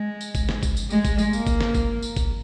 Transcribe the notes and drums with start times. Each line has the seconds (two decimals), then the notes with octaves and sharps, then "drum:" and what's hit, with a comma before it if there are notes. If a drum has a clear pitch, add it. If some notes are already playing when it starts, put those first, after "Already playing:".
Already playing: G#3
0.21 drum: tambourine
0.35 drum: kick G1, tambourine
0.49 drum: snare
0.63 drum: kick G1, tambourine
0.77 drum: tambourine
0.90 G#3, drum: tambourine
1.05 drum: kick G1, tambourine
1.19 drum: tambourine
1.33 A#3, drum: tambourine
1.47 drum: kick G1, tambourine
1.61 drum: snare
1.75 drum: kick G1, tambourine
2.03 drum: tambourine
2.16 drum: kick G1, tambourine